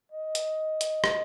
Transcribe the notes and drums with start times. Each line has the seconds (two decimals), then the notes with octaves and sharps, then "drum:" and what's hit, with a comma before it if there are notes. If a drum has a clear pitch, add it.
0.12 D#5
0.35 drum: hi-hat
0.81 drum: hi-hat
1.04 drum: rim click